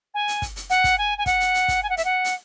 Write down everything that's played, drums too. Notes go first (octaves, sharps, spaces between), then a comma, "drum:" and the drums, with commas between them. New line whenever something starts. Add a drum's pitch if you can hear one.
G#5
drum: hi-hat
drum: kick, hi-hat
drum: hi-hat
F#5, drum: hi-hat
drum: kick, hi-hat
G#5
G#5
F#5, drum: kick, hi-hat
drum: hi-hat
drum: hi-hat
drum: kick, hi-hat
G#5
F#5
E5, drum: hi-hat
F#5
drum: hi-hat